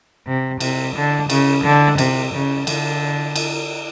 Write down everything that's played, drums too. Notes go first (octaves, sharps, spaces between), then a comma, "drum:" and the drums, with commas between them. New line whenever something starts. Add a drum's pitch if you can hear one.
C3
C3, drum: cymbal
D3
C#3, drum: cymbal
D3
C3, drum: cymbal
C#3
D3, drum: cymbal
drum: cymbal